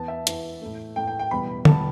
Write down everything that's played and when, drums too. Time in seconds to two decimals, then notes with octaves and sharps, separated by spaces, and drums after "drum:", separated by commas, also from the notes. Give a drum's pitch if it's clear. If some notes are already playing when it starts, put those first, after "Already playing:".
Already playing: E2 E3 B3 A5
0.08 E5
0.27 E2 E3 B3, drum: hi-hat
0.62 A2 A3
0.96 A2 A3 G5
1.08 G5
1.19 G5
1.31 E2 B2 G3 B3 B5
1.65 E2 B2 G3 B3 A5, drum: tom D3